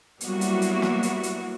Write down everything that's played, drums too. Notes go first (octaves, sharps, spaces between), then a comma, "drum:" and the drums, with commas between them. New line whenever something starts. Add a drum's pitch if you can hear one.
F#3 G3 A#3 B3 E4 F#4, drum: hi-hat
drum: hi-hat
drum: hi-hat
drum: snare
drum: hi-hat
drum: hi-hat